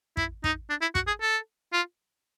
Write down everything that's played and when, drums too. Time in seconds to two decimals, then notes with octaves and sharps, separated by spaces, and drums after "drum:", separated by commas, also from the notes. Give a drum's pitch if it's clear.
0.17 E4, drum: kick
0.44 D#4, drum: kick
0.70 D4
0.82 E4
0.95 F#4, drum: kick
1.07 G#4
1.21 A4
1.73 F4